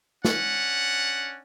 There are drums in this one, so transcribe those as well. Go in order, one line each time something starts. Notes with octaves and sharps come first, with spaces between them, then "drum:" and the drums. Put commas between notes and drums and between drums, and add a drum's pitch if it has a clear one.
C#4 D4 F#5, drum: snare